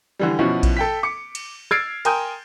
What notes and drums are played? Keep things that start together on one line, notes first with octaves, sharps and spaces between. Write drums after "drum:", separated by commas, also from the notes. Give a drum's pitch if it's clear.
D3 E3 G3
B2 F3 C#4 E4 F#4
drum: kick A#1, cymbal
A4 G5 B6
D6 C#7
drum: cymbal
E6 F6 G#6 A6 C7 D7, drum: rim click
A#4 G5 G#5 C6 D#6 G6, drum: cymbal